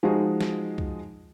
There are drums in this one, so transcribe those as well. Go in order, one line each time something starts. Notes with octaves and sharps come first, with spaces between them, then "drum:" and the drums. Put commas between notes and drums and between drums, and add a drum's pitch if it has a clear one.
F3 G#3 D#4 F#4 G#4
drum: snare
drum: kick C2